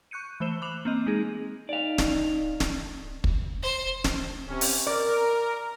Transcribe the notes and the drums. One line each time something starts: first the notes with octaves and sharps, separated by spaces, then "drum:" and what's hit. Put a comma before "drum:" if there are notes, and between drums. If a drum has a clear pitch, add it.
C#6 F#6 G6 C#7 D#7
E3 A3 C5 E7
B5 D6 F#6 F7 F#7
A#3 C4 D#5
G#3 D#4 G#4
D#4 D5 F5
drum: snare
drum: snare
drum: kick
C5
drum: snare
C3 C#4
drum: open hi-hat
A#4 D5